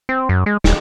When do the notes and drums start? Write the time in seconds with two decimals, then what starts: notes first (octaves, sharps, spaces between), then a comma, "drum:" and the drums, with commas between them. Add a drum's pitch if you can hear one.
0.09 C4
0.29 F#2
0.46 G#3
0.64 D#1, drum: snare